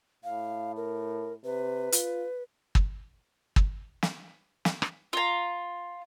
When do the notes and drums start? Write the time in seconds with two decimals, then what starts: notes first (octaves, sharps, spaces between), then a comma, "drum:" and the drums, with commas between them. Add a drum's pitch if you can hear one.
0.24 A2 F5
0.76 A#4
1.45 C3 B4
1.92 F4, drum: hi-hat
2.75 drum: kick
3.56 drum: kick
4.03 drum: snare
4.65 drum: snare
4.82 drum: rim click
5.13 F4 A#5